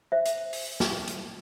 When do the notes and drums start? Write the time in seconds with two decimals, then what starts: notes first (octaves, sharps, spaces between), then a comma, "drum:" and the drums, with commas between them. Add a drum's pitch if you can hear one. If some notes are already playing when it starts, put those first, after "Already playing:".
0.12 C5 E5
0.26 drum: hi-hat
0.53 drum: open hi-hat
0.80 drum: snare
1.08 drum: hi-hat